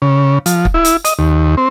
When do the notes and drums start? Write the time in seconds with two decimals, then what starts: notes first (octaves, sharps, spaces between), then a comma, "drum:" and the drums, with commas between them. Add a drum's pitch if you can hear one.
0.02 C#3
0.46 F3, drum: hi-hat
0.65 drum: kick
0.74 E4
0.85 drum: hi-hat
1.05 D#5, drum: hi-hat
1.19 D#2
1.57 C4